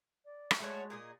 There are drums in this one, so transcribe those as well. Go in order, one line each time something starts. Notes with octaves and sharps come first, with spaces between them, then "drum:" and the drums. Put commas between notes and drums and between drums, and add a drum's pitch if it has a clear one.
D5
drum: rim click
G#3 A3 F#4 C#5
A#2 G#4 D#5